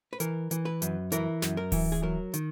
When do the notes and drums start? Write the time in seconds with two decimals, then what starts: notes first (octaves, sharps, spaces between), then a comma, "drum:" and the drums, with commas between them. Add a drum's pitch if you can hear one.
0.13 B4
0.20 E3 A#4, drum: hi-hat
0.51 E3, drum: hi-hat
0.65 B4
0.82 F#2, drum: hi-hat
1.12 E3 A#4, drum: hi-hat
1.42 F#2, drum: snare
1.57 A#4
1.72 E3, drum: kick D1, open hi-hat
1.92 G#4
2.03 F#3 A#4
2.34 D#3, drum: hi-hat